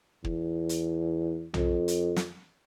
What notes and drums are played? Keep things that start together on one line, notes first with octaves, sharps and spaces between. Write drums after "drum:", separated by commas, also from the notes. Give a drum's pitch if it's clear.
E2, drum: kick
drum: hi-hat
F2, drum: tom B1
drum: hi-hat
drum: snare